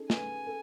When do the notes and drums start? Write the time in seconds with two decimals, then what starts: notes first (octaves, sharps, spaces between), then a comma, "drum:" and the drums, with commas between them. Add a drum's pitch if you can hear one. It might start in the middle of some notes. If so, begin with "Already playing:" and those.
Already playing: C#4 D#4 G#4 A4
0.10 B4 G#5, drum: snare
0.47 A4